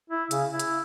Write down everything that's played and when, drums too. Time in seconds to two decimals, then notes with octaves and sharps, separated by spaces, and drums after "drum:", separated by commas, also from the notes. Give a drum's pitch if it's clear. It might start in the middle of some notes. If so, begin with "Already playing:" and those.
0.10 E4
0.31 C#3, drum: hi-hat
0.50 E4
0.59 drum: hi-hat